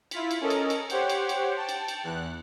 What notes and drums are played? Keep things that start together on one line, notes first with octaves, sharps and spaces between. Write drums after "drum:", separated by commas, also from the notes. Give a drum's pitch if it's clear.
E4 F4 B6, drum: cymbal
drum: cymbal
C#4 A4 A#4 D#5
drum: cymbal
drum: cymbal
G4 C5 C#5 F#5 G5, drum: cymbal
drum: cymbal
drum: cymbal
G5 A5
drum: cymbal
drum: cymbal
E2 F#6